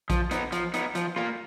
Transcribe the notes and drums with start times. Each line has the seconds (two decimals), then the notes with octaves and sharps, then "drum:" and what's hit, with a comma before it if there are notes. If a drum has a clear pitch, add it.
0.10 F3, drum: kick A#1, hi-hat
0.31 B3 D#4, drum: hi-hat
0.52 F3, drum: hi-hat
0.74 B3 D#4, drum: hi-hat
0.95 F3, drum: hi-hat
1.16 A#3 F4, drum: rim click